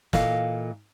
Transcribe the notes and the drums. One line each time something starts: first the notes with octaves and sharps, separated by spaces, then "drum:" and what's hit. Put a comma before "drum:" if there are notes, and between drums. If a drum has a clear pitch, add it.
A#2 E3 A4 D#5 F5, drum: snare